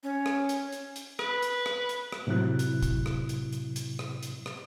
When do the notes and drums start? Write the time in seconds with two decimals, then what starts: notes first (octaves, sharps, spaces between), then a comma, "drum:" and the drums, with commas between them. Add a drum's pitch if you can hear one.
0.03 C#4
0.26 drum: rim click
0.49 drum: hi-hat
0.72 drum: hi-hat
0.96 drum: hi-hat
1.19 B4, drum: rim click
1.42 drum: hi-hat
1.66 drum: rim click
1.89 drum: hi-hat
2.12 drum: rim click
2.27 A2 C3 F#3 E4 F#6
2.59 drum: hi-hat
2.82 drum: kick, hi-hat
3.06 drum: rim click
3.29 drum: hi-hat
3.53 drum: hi-hat
3.76 drum: hi-hat
3.99 drum: rim click
4.23 drum: hi-hat
4.46 drum: rim click